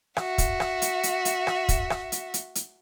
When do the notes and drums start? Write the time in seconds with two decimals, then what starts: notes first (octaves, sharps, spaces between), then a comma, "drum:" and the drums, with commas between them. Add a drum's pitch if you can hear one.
0.17 F#4 E5, drum: rim click
0.38 drum: kick, hi-hat
0.60 drum: rim click
0.82 drum: hi-hat
1.03 drum: hi-hat
1.25 drum: hi-hat
1.47 drum: rim click
1.69 drum: kick, hi-hat
1.90 drum: rim click
2.12 drum: hi-hat
2.34 drum: hi-hat
2.55 drum: hi-hat